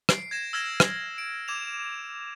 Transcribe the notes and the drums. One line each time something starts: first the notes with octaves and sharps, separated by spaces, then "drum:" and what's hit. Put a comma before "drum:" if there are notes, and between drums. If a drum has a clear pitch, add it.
C7 D7, drum: rim click
G#6 A#6 E7
E6 F6 G#6 A#6 E7
drum: rim click
D7
D6 G#6 E7 F7